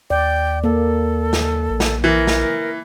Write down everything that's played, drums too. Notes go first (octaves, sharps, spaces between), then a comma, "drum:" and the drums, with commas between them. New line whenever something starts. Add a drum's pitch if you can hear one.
D#2 D5 G5
A#3 A4
drum: snare
A#1
drum: snare
E3 A#4
drum: snare